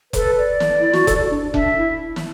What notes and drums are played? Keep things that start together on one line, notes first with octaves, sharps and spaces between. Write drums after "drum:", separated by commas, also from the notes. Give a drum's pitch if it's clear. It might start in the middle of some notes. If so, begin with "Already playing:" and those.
A4 B4, drum: kick F1, hi-hat
D5
drum: snare
E4
F#4, drum: snare
A4, drum: kick F1, hi-hat
D4
D4 E5, drum: kick F1
E4
drum: snare